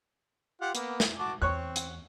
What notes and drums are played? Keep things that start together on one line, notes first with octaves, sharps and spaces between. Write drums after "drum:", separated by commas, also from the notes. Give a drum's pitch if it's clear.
F4 G4 F#5
A#3 B3, drum: hi-hat
drum: snare
F#4 A5 D6
E2 C4 C#5 C#6 F#6
drum: hi-hat